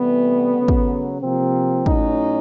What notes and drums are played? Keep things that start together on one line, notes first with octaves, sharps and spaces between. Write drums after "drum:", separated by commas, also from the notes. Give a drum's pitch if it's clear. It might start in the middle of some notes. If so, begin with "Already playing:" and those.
Already playing: C3 E3 G3 A3 B3
C#3 F#3
drum: kick
C3 F3 A#3 C4
A2 F#3 C#4 D#4, drum: kick